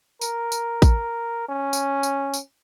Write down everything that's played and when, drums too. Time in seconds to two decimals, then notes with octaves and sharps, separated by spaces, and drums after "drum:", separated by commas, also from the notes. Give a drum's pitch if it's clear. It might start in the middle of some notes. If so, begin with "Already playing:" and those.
0.21 A#4, drum: tambourine
0.52 drum: tambourine
0.82 drum: kick A1, tambourine
1.49 C#4
1.73 drum: tambourine
2.03 drum: tambourine
2.34 drum: tambourine